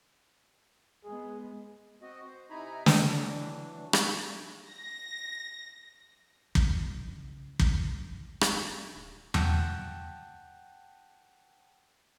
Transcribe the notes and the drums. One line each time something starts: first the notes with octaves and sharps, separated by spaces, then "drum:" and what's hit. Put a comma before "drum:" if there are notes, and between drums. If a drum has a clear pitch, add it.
G#3 B3 G#4
C4 F#4 D#5
C5
C3 D#4 E4 G#5 A#5 B5
D#5, drum: snare
E3 F#3 D4
drum: rim click
A#6
B2, drum: kick
C2
C#2
C#2, drum: kick
A2
C#4, drum: rim click
D1
F#5 G5 A5 F#6 G6, drum: tom E2